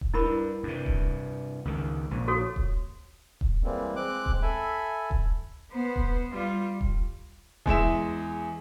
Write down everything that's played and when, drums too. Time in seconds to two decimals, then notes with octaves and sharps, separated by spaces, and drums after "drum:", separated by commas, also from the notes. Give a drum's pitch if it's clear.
0.01 drum: kick D#1
0.14 G2 E4 A#4 B5
0.63 G2 C3
0.86 drum: kick D#1
1.65 C#2 D#3
2.10 A#1 A#2
2.28 F#4 A4 C#5
2.56 drum: kick D#1
3.41 drum: kick D#1
3.64 E3 G3 G#3 A#3 C4
3.96 G#3 C4 D6 F#6
4.26 drum: kick D#1
4.42 A4 E5 G#5 B5
5.11 drum: kick D#1
5.71 B3 C5
5.96 drum: kick D#1
6.31 G3 F4
6.81 drum: kick D#1
7.66 E2 G#3 E5 E7, drum: kick D#1